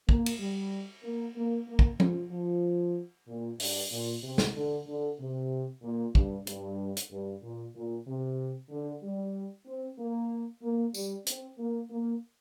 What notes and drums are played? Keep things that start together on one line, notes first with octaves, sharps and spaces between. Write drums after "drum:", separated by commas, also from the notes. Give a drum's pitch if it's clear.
A#3, drum: kick
drum: cymbal
G3
A#3
A#3
A#3
drum: kick
F3, drum: tom F3
F3
A#2
G2, drum: open hi-hat
A#2
C3
drum: snare
D3
D3
C3
A#2
G2, drum: kick
G2, drum: hi-hat
drum: hi-hat
G2
A#2
A#2
C3
D3
G3
C4
A#3
A#3
G3, drum: tambourine
C4, drum: hi-hat
A#3
A#3